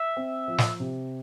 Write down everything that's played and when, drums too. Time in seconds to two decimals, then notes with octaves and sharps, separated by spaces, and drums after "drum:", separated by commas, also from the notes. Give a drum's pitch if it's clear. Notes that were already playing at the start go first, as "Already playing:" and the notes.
Already playing: E5
0.17 C4
0.48 F3
0.58 drum: snare
0.80 C3